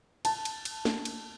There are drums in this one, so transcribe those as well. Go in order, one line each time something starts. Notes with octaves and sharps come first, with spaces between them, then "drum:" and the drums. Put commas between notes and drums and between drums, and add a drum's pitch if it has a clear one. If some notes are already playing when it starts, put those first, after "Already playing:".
A5, drum: cymbal
drum: cymbal
drum: cymbal
drum: snare
drum: cymbal